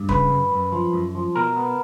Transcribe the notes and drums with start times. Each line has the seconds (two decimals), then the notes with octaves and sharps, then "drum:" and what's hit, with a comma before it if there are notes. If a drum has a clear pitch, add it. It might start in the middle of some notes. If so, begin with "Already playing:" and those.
Already playing: G2
0.09 C#3 B4, drum: kick
0.30 F#2
0.52 F#2
0.72 F3
0.93 F#2
1.15 F3
1.35 B2 A#4
1.57 B3